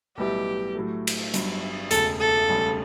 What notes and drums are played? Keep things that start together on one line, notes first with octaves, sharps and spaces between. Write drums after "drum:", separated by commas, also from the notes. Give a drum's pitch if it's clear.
B1 A2 G3 B3 E4 G4
A2 F#3 A3
drum: cymbal
G1 G2 F#3, drum: hi-hat
E1 D2 C#3 A4, drum: hi-hat
A4
E1 D2 C#3 G3 C#4